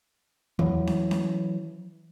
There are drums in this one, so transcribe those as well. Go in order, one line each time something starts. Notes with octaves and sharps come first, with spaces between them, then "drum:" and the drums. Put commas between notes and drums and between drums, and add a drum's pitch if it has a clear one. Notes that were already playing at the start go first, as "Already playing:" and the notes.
E3 F#3, drum: tom E2
drum: snare C#4
drum: snare C#4